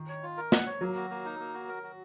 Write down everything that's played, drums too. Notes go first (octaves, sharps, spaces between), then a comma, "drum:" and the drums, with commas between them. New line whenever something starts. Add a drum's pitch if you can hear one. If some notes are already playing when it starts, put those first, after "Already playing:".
Already playing: D#3
C#5
F4
A#4
F#5, drum: snare
C#5
F#3 A#3
F#4
A#3
D#4
A#3
F#4
A#4
F#4